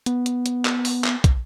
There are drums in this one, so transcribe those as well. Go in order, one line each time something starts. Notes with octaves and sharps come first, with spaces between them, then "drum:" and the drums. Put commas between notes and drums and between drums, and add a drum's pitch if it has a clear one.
B3, drum: hi-hat
drum: hi-hat
drum: hi-hat
drum: clap
drum: open hi-hat
drum: clap
drum: kick, hi-hat